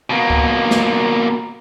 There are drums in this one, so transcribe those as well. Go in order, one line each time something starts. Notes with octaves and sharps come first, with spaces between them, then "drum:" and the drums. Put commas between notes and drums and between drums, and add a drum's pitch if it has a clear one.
B2 A#3
drum: kick C#2
drum: snare